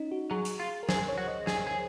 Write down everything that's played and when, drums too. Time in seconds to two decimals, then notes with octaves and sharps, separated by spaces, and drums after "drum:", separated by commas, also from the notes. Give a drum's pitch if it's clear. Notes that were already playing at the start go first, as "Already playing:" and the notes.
Already playing: C#4 D#4
0.11 F#4
0.31 F#3 G#4
0.45 drum: hi-hat
0.60 F4
0.83 A#4
0.89 G#4 C5, drum: snare
1.08 C#5
1.18 F#4
1.28 D#5
1.47 G#4, drum: snare
1.67 G#4